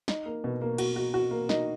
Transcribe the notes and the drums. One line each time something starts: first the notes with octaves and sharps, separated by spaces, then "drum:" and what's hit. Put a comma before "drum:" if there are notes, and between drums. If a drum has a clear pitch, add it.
D#4, drum: snare
A#3
B2
A#3
F#4, drum: cymbal
F#4
F#4
A#3
D#4, drum: snare